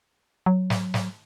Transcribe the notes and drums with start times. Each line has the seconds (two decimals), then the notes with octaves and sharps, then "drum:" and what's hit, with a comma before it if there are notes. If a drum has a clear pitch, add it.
0.46 F#3
0.70 drum: snare
0.94 drum: snare